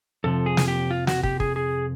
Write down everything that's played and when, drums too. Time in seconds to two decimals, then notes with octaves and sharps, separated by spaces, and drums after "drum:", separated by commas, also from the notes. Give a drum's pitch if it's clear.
0.24 F2 C3 F3 A4
0.46 G#4
0.57 drum: snare
0.68 G4
0.91 F4
1.07 F#4, drum: snare
1.23 G4, drum: kick
1.40 G#4, drum: kick
1.56 G#4